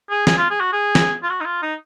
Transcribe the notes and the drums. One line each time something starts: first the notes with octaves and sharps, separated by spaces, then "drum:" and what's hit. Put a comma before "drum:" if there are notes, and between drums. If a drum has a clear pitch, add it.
G#4
G#4, drum: snare
F4
G#4
F#4
G#4
drum: snare
F4
F#4
D#4
F4
D#4